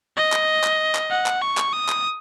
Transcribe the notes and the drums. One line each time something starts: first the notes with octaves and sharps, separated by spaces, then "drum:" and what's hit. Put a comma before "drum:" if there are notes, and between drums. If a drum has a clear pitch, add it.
D#5
drum: clap
drum: clap
drum: clap
F#5
drum: clap
C#6
drum: clap
D#6
drum: clap